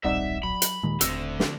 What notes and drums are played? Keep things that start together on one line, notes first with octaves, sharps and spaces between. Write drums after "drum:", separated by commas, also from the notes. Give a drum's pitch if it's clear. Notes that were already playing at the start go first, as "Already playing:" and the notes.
D1 A#1 G3 C4 D#4 D5 E5 F#5
F#3 B5
drum: hi-hat
D#2 A#2 D#3 G#3
D#1 D2 D3 C4 E6 A#6, drum: hi-hat
drum: snare